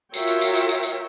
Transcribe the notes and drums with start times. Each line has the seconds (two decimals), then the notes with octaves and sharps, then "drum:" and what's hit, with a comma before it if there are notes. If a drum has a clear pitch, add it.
0.14 F4 F#4 A#4 C#5 E5 G5, drum: tambourine
0.28 drum: tambourine
0.41 drum: tambourine
0.55 drum: tambourine
0.69 drum: tambourine
0.83 drum: tambourine